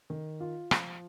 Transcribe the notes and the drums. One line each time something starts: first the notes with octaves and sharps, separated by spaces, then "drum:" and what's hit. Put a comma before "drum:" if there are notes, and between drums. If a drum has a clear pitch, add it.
D#3
F4
F3, drum: rim click